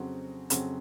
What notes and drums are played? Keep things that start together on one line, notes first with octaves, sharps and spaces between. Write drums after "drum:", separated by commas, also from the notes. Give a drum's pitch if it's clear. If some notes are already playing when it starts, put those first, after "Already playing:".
Already playing: F2 C#3 F#3 C4 F#4
F2 C#3 F#3 C4 F#4, drum: hi-hat